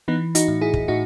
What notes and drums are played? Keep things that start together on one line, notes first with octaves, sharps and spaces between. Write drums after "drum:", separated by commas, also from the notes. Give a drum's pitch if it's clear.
E3 B3 D#4
D#4 F#4, drum: hi-hat
A2
E4 G#4
drum: kick
A2 D#4 F#4